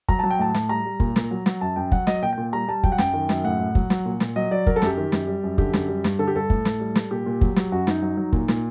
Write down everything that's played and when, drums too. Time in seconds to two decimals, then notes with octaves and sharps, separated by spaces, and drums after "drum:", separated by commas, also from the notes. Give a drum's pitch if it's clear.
0.09 F#3 A#5, drum: kick
0.19 F#3 A5
0.30 G5
0.39 A2 A5
0.54 A2, drum: snare
0.69 G3 A#5
0.85 G3
1.00 A#2, drum: kick
1.16 A#2, drum: snare
1.31 F#3
1.46 F#3, drum: snare
1.61 F#2 A5
1.76 F#2 G5
1.92 F#3 F#5, drum: kick
2.07 F#3 D#5, drum: snare
2.22 A#2 G5
2.33 A#2 G5
2.53 G3 A#5
2.68 G3 A5
2.84 F#3 G5, drum: kick
2.92 F#5
2.98 F#2 G5, drum: snare
3.13 D#3
3.29 F#2, drum: snare
3.44 A2 F#5
3.60 A2
3.75 F#3, drum: kick
3.90 F#3, drum: snare
4.06 A#2
4.20 A#2, drum: snare
4.36 F#3 D#5
4.51 F#3 D5
4.67 F#3 A#4, drum: kick
4.76 A4
4.82 F#2 G4, drum: snare
4.97 D#3
5.12 F#2, drum: snare
5.27 G3
5.43 F#2
5.58 D3 G4, drum: kick
5.73 F#2, drum: snare
5.89 G3
6.04 G2, drum: snare
6.19 D3 A4
6.27 G4
6.35 G2 A4
6.50 A2, drum: kick
6.65 A2, drum: snare
6.80 G3
6.96 G3, drum: snare
7.11 A#2 G4
7.26 A#2
7.41 F#3, drum: kick
7.56 F#3, drum: snare
7.72 F#2 F#4
7.87 F#2 D#4, drum: snare
8.02 F#3
8.17 F#3
8.33 A#2, drum: kick
8.48 A#2, drum: snare